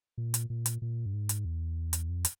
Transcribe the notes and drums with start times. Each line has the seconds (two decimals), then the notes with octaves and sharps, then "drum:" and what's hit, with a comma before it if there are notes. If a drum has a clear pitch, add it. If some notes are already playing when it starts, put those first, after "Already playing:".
0.18 A#2
0.34 drum: hi-hat
0.50 A#2
0.66 drum: hi-hat
0.82 A#2
1.06 G2
1.13 G#2
1.29 drum: hi-hat
1.45 E2
1.93 drum: hi-hat
2.09 F2
2.25 drum: hi-hat